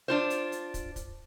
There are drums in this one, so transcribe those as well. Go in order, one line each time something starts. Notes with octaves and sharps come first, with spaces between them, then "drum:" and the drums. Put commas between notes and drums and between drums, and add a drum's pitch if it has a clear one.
D4 F4 C5
drum: hi-hat
drum: hi-hat
drum: kick, hi-hat
drum: kick, hi-hat